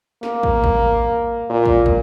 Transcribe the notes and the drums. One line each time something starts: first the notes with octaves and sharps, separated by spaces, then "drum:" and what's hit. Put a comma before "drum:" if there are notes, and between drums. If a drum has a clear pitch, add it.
A#3, drum: snare
drum: kick
drum: kick
A#2
drum: kick
drum: kick